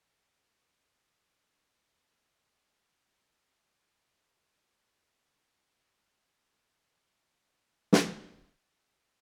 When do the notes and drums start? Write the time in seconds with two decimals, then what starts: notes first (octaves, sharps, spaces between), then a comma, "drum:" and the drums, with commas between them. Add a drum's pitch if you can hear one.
0.23 E4
0.42 A#4
0.56 D5
0.78 A#4
0.93 B3
1.36 G#3 E4 F4 A#4
2.48 D#5
2.87 E2 G#2 A4 F5 F#5
3.28 D3 G#5 C#7
3.82 B3 C#5 A5
4.40 D#4
5.25 C3 G3 G#3
5.61 D4
6.35 D#5
6.96 C3 B3 E4 G4
7.93 drum: snare